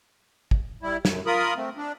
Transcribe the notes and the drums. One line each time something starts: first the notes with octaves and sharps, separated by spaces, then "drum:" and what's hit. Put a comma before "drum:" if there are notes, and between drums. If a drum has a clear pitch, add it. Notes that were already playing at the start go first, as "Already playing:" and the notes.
drum: kick
G3 E4
F#2, drum: snare
F4 A#4 B5 D#6
A3 C4
D4